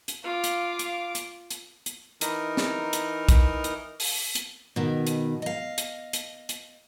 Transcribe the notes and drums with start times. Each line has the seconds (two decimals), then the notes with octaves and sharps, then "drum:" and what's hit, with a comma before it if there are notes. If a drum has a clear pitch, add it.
0.08 drum: hi-hat
0.24 F4 F5 D6
0.44 drum: hi-hat
0.79 drum: hi-hat
1.15 drum: hi-hat
1.51 drum: hi-hat
1.86 drum: hi-hat
2.21 E3 D#4 A#4, drum: hi-hat
2.57 drum: snare
2.93 drum: hi-hat
3.29 drum: kick, hi-hat
3.64 drum: hi-hat
4.00 drum: open hi-hat
4.35 drum: hi-hat
4.76 B2 D#3
5.07 drum: hi-hat
5.42 D#5 F5
5.78 drum: hi-hat
6.13 drum: hi-hat
6.49 drum: hi-hat